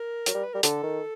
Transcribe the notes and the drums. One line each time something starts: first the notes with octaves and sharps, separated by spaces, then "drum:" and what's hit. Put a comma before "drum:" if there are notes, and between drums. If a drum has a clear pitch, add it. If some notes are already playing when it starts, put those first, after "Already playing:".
Already playing: A#4
F#3, drum: hi-hat
G3
B4
G3 A#4
D3 A4, drum: hi-hat
D#3